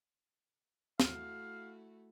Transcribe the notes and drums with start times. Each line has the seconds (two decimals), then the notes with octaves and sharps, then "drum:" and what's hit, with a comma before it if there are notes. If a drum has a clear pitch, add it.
1.00 A3 E4 F#4 F5, drum: snare